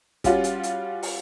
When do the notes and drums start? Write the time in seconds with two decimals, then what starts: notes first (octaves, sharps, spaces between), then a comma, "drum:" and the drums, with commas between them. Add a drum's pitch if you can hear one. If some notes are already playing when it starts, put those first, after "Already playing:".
0.24 G3 C#4 F4 F#4, drum: kick, hi-hat
0.44 drum: hi-hat
0.63 drum: hi-hat
1.03 drum: open hi-hat